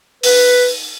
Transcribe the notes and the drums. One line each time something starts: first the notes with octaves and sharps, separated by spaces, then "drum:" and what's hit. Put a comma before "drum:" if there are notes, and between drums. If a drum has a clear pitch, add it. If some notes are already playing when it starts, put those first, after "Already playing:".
B4, drum: open hi-hat